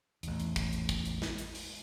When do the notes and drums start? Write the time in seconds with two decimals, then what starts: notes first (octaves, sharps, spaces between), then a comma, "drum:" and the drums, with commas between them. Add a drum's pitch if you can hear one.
0.23 A1 E2, drum: hi-hat
0.40 drum: hi-hat
0.56 drum: kick, hi-hat
0.73 drum: hi-hat
0.89 drum: kick, hi-hat
1.05 drum: hi-hat
1.22 drum: snare
1.38 drum: hi-hat
1.55 drum: open hi-hat